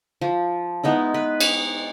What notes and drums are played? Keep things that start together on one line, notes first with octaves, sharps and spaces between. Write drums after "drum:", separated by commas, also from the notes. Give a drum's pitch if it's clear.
F3
G#3 B3 D#4 E4
B4
drum: cymbal